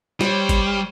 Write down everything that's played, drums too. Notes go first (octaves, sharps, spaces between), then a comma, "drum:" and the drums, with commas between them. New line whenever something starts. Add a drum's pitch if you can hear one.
G3 C5 C#5, drum: snare
drum: kick, hi-hat